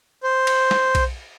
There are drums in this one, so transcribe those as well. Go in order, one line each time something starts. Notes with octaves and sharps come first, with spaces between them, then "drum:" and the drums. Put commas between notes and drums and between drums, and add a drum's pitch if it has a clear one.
C5
drum: cymbal
drum: snare
drum: kick B1, cymbal